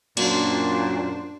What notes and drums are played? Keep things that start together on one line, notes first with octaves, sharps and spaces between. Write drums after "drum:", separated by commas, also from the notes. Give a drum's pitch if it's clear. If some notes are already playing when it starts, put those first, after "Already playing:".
F#2 A#2 A#3 D4 F#4 C5 D5, drum: cymbal